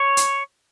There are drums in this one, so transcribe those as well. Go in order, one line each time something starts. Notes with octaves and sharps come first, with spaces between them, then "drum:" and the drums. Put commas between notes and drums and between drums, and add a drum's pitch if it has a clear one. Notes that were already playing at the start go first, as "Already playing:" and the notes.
Already playing: C#5
drum: hi-hat